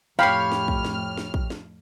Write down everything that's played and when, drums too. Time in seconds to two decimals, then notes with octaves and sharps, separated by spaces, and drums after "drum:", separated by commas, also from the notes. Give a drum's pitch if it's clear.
0.19 F2 A2 G4 C#5 F5 B5 F6, drum: snare
0.52 drum: snare
0.68 drum: kick
0.85 drum: snare
1.17 drum: snare
1.34 drum: kick
1.50 drum: snare